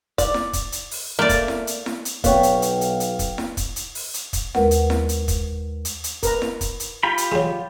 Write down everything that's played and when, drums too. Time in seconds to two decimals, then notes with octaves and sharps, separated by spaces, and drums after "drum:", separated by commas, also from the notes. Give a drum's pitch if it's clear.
0.18 D5, drum: kick, hi-hat
0.34 drum: snare E4
0.53 drum: kick, hi-hat
0.72 drum: hi-hat
0.91 drum: open hi-hat
1.19 A3 A#3 D5
1.29 drum: kick, hi-hat
1.48 drum: snare E4
1.67 drum: hi-hat
1.86 drum: snare E4
2.05 drum: hi-hat
2.24 B1 B3 C#5 F5 G5, drum: kick, hi-hat
2.43 drum: hi-hat
2.62 drum: hi-hat
2.81 drum: hi-hat
3.00 drum: hi-hat
3.19 drum: kick, hi-hat
3.38 drum: snare E4
3.57 drum: kick, hi-hat
3.76 drum: hi-hat
3.95 drum: open hi-hat
4.14 drum: hi-hat
4.33 drum: kick, hi-hat
4.55 D#2 G#3 A#4 B4 F#5, drum: snare E4
4.71 drum: hi-hat
4.90 drum: snare E4
5.09 drum: hi-hat
5.28 drum: kick, hi-hat
5.85 drum: hi-hat
6.04 drum: hi-hat
6.23 A#4 B4 A#5, drum: kick, hi-hat
6.42 drum: snare E4
6.61 drum: kick, hi-hat
6.80 drum: hi-hat
7.03 F4 G4 B5
7.18 drum: hi-hat
7.32 F#3 G#3